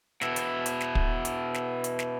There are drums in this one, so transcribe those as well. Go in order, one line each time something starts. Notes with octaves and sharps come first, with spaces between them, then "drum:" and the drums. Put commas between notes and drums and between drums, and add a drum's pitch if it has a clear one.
B2 E4, drum: snare
drum: hi-hat
drum: hi-hat
drum: snare
drum: kick
drum: hi-hat
drum: snare
drum: hi-hat
drum: snare